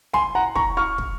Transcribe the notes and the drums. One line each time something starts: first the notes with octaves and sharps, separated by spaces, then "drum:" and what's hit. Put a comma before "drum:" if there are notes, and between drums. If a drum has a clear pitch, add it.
G#5 C6, drum: snare
F#5 A#5
A#5 C#6, drum: kick
C#6 F6
drum: kick